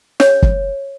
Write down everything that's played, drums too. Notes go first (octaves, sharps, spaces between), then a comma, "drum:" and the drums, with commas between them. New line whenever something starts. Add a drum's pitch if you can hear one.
C#5, drum: snare
drum: kick